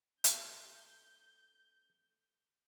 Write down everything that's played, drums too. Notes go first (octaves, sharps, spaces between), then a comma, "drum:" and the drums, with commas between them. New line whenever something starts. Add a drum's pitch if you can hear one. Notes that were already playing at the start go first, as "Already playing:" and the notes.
A3 G6, drum: hi-hat